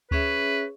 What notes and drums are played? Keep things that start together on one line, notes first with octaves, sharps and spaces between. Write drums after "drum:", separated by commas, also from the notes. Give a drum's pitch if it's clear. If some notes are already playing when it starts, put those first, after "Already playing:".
C#4 G#4 B4 C#5 E5, drum: kick D2